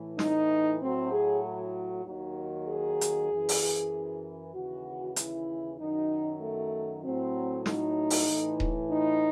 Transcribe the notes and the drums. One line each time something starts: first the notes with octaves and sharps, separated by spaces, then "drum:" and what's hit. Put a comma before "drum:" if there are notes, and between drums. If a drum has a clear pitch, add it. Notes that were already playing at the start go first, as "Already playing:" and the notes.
Already playing: A2 E3
D#4, drum: snare
A2 F#3 C4
G#4
D#2 D#3 F#3
G#4
drum: hi-hat
F#2 E3
drum: open hi-hat
D#2 C#3 E3 F#4
E4, drum: hi-hat
F#2 D#3 F#3 D#4
A3
A2 F#3 C4
D#4, drum: snare
drum: open hi-hat
A2 E3
drum: kick D#1
D#4